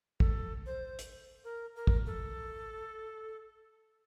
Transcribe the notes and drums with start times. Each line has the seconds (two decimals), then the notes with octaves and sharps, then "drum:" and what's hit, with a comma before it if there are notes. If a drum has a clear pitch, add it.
0.20 A4, drum: kick
0.66 C5
0.99 drum: hi-hat
1.44 A#4
1.76 A#4
1.87 drum: kick
2.06 A4